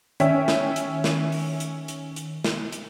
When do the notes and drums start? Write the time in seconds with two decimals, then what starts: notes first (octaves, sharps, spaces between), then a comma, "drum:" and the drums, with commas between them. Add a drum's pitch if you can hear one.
0.20 D#3 C#4 E5 G5, drum: hi-hat
0.48 drum: snare
0.76 drum: hi-hat
1.04 drum: snare
1.32 drum: open hi-hat
1.60 drum: hi-hat
1.88 drum: hi-hat
2.16 drum: hi-hat
2.44 drum: snare
2.73 drum: hi-hat